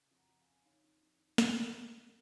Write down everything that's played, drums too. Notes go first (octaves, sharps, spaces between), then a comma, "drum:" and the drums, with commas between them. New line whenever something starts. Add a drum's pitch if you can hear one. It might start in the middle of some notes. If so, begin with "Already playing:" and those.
Already playing: C#3
F2
F#5 A#5
F2
F5 G#5
C#3
D#3 C#5 F5
F2
F2
D#3
D#3, drum: snare
G#2
A#4 C#5